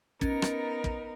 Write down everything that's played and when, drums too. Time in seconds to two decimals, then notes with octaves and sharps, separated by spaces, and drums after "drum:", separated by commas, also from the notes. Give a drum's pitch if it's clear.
0.21 B3 C#4 D#4 A#4 A6 C#7, drum: kick
0.42 drum: rim click
0.84 drum: kick